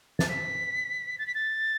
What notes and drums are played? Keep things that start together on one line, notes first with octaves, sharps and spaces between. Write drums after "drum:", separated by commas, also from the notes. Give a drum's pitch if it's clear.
A6, drum: snare
B6
A6
B6
A6